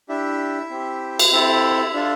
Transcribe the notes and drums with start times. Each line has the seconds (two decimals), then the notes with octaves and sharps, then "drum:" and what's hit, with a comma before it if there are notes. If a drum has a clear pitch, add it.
0.09 D4 E4 G4 E5
0.70 C4 G4
1.19 drum: cymbal
1.32 C4 E4 A4 E5
1.93 D4 F4 A4